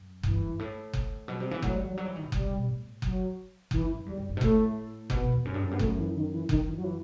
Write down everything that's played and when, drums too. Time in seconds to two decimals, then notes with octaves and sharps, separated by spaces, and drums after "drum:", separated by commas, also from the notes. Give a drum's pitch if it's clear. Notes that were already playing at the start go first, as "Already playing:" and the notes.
Already playing: F#2
0.23 G2 E3, drum: kick F#1
0.35 F#2
0.48 G2
0.59 A2
0.94 drum: kick F#1
1.28 B2 F#3
1.39 C3 G3
1.51 E3 B3
1.63 F#3 A3, drum: kick F#1
1.73 G3
1.81 E3 F#3
1.94 F#3 G3
2.06 E3
2.16 D#3
2.24 B2
2.32 C3 G3, drum: kick F#1
2.44 C3
2.56 B2
2.67 A2
3.02 F#3, drum: kick F#1
3.71 F#2 E3, drum: kick F#1
3.83 F#2
3.95 F#2
4.06 E2 G3
4.18 F#2
4.29 G2
4.37 B2
4.41 A2 A3, drum: kick F#1
5.10 B2 B3, drum: kick F#1
5.22 B2
5.33 E2
5.45 F#2
5.54 G2
5.62 F#2
5.71 G2 B3
5.79 F#2 A3, drum: kick F#1
5.98 E3
6.15 D#3
6.32 E3
6.49 F#2 D#3, drum: kick F#1
6.66 E3
6.76 F#3
6.84 E3